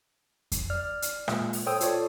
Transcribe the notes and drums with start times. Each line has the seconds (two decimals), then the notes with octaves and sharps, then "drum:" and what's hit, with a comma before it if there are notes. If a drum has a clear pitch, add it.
0.52 drum: kick F2, hi-hat
0.70 D5 F6
1.02 drum: hi-hat
1.28 A#2 G#3, drum: rim click
1.53 drum: open hi-hat
1.66 A4 C5 C#5 G5 D#6 E6
1.81 F4 A4 C#5 D5, drum: hi-hat